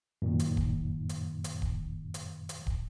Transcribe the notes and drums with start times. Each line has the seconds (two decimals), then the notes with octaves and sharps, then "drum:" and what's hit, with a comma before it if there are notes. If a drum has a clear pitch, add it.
0.22 F#2 A#2 D#3
0.39 drum: hi-hat
0.57 drum: kick
1.09 drum: hi-hat
1.44 drum: hi-hat
1.62 drum: kick
2.14 drum: hi-hat
2.49 drum: hi-hat
2.67 drum: kick